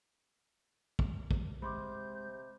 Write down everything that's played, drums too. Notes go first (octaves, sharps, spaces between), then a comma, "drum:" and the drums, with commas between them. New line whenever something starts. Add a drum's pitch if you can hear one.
drum: kick
drum: kick
C3 G#3 B5 C6 D6 G6